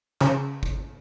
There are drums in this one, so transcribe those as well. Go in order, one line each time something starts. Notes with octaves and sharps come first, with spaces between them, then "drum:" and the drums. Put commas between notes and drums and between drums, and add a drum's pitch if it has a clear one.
C#3, drum: clap
drum: kick